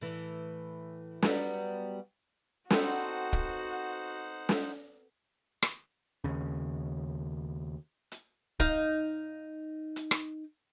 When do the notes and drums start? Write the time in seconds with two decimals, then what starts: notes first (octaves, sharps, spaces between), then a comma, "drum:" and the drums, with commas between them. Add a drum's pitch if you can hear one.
0.01 A2 E3
1.22 F#3 G3 B3, drum: snare
2.70 B3 C4 D#4 F#4 A4 C5 F#5, drum: snare
3.33 drum: kick
4.49 drum: snare
5.62 drum: rim click
6.24 D#2 C#3
8.12 drum: hi-hat
8.60 D#4 F5, drum: kick
9.96 drum: hi-hat
10.11 drum: rim click